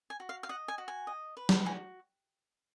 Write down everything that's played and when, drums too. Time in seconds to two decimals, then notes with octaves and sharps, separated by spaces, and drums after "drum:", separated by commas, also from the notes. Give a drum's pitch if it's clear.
0.10 G#5
0.20 F#4
0.29 F5
0.43 F5
0.49 D#5 F#5
0.68 G#5
0.78 F#4
0.88 G#5
1.07 D#5
1.37 B4
1.49 drum: snare
1.65 F#4 G#5